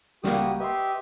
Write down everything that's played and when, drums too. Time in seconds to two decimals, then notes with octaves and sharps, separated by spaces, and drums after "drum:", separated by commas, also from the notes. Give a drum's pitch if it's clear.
0.24 C#2 G3 A#3 F#4 G4 D#6, drum: snare
0.60 G4 B4 D#5 E5 C6